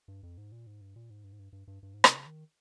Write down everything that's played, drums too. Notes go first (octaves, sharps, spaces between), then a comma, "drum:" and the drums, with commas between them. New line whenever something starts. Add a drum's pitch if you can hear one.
G2
F2
G#2
A#2
G#2
G2
A#2
G#2
G2
G#2
G2
G2
G2
G2
G#2
C3, drum: rim click
C#3
D#3